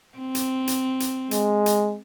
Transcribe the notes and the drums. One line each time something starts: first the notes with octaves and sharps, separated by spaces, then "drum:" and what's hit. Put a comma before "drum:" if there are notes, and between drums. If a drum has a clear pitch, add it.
C4
drum: hi-hat
drum: hi-hat
drum: hi-hat
G#3, drum: hi-hat
drum: hi-hat